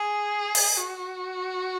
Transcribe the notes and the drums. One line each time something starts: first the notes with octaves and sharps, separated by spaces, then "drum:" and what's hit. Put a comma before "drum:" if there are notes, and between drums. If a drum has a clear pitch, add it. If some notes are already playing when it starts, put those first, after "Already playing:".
Already playing: G#4
drum: open hi-hat
F#4